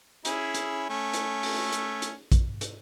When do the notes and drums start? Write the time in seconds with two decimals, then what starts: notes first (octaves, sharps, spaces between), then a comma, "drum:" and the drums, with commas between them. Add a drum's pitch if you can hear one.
0.25 C#4 E4 G#4, drum: hi-hat
0.54 drum: hi-hat
0.90 A3 C#4
1.13 drum: hi-hat
1.43 drum: open hi-hat
1.72 drum: hi-hat
2.02 drum: hi-hat
2.32 drum: kick A#1, hi-hat
2.61 drum: hi-hat